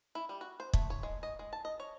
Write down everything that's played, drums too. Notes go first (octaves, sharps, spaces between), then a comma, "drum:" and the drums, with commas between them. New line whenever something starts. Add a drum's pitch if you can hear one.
E4
G3
F#4
C5
A3, drum: kick
C#5
G#3
D#5
G#3
A5
D#5
C#5